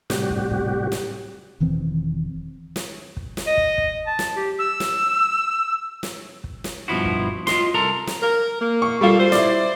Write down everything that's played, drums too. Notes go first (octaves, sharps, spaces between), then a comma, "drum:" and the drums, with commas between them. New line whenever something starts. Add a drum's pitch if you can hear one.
A2 C3 G3 F#4 G4, drum: snare
drum: kick
drum: kick
drum: snare
E1 D#3 E3 C4
drum: snare
drum: kick
drum: snare
D#5
drum: kick
drum: kick
A5
drum: snare
G4
E6
drum: snare
drum: snare
drum: kick
drum: snare
G2 B2 F3 E4 F#4
drum: kick
F4 D#5 C6, drum: snare
C2 A4 A#4 A#5
drum: snare
A#4
A#3
C#6
G3 A#3 F4 A4 C7
C5
E4 D5, drum: snare